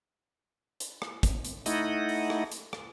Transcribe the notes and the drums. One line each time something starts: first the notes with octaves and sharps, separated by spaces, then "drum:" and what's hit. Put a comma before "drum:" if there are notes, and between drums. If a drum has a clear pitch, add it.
drum: hi-hat
drum: rim click
drum: kick, hi-hat
drum: hi-hat
A3 D#4 E4 D#5 F#5, drum: hi-hat
drum: open hi-hat
drum: rim click
drum: hi-hat
drum: rim click